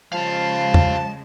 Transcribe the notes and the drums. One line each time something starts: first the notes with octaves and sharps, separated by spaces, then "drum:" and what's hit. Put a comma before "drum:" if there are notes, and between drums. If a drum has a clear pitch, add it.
C#3 F3 G#3 G4 F5 A5
drum: tom E2